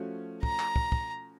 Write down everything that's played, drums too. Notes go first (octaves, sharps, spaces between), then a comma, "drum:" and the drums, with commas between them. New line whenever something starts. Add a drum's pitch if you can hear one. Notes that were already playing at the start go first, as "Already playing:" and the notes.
Already playing: F3 A3 C#4 F#4
A#5, drum: kick
drum: clap
drum: kick
drum: kick